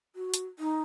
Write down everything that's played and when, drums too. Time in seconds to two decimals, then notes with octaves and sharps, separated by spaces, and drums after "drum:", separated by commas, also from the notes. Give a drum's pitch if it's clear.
0.16 F#4
0.34 drum: hi-hat
0.59 D#4